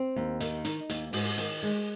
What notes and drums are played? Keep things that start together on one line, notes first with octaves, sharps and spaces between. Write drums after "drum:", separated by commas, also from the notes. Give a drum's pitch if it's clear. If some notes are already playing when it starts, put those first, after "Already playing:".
Already playing: C4
D#2
D#3, drum: hi-hat
D#4, drum: hi-hat
D#2, drum: hi-hat
G#2, drum: open hi-hat
D#3, drum: hi-hat
G#3